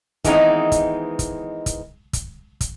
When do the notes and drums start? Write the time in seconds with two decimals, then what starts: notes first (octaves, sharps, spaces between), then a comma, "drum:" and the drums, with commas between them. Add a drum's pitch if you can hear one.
0.24 D#3 E3 G#3 B3 C4 D#4, drum: kick, hi-hat
0.72 drum: kick, hi-hat
1.19 drum: kick, hi-hat
1.66 drum: kick, hi-hat
2.13 drum: kick, hi-hat
2.61 drum: kick, hi-hat